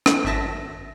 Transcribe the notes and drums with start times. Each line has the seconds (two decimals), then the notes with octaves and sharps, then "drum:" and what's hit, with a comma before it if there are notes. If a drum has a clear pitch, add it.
0.06 drum: rim click
0.24 G#1 F#2 E5 A5 A#6